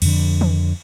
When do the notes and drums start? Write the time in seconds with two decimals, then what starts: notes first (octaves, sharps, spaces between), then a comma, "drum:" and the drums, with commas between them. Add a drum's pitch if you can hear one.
0.02 F2 D3, drum: cymbal
0.41 drum: tom D#3